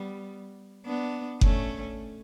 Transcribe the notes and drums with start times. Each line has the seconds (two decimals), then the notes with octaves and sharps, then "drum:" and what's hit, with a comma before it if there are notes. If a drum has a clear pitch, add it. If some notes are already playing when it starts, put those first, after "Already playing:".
Already playing: G3 B3
0.85 B3 D4
1.41 A3 C#4, drum: kick F#1